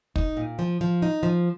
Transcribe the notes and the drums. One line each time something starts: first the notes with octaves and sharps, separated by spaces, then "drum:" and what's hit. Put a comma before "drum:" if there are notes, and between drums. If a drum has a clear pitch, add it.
D#4, drum: kick
A#2
F3
F3
D#4
F3